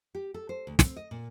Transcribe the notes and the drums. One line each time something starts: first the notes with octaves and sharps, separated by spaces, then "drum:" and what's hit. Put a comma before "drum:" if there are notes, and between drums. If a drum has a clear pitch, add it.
G4
A4
C5
D2
C4, drum: snare
D#5
A#2